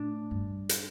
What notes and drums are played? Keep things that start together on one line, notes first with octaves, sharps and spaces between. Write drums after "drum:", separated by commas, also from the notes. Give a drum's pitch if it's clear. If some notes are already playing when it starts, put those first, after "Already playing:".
Already playing: A2 D4
G2
drum: hi-hat